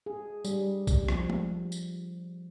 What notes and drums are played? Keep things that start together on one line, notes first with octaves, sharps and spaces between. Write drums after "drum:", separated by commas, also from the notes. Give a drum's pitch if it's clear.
G#4
G3, drum: tambourine
drum: kick A#1, tambourine
F3, drum: rim click
drum: tom
drum: tambourine